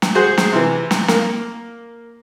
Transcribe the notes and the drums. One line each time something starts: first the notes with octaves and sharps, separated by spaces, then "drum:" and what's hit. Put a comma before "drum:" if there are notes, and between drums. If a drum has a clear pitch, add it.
drum: snare
F#4 G#4 C5
drum: snare
C3 E3
drum: snare
A#3, drum: snare